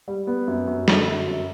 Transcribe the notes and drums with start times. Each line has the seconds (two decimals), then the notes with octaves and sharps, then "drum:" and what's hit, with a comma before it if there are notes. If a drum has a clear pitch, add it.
0.08 G3
0.27 B3
0.48 F#2
0.67 F#2
0.88 D3, drum: snare
1.08 F#2
1.27 F#2